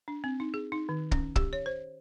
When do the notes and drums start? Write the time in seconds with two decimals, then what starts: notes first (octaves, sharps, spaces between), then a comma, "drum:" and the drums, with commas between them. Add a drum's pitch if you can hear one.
0.08 D4
0.24 C4
0.40 D#4
0.54 G#4
0.72 D#4
0.89 D#3
1.11 C#4, drum: kick
1.36 G4, drum: kick
1.53 C#5
1.66 C5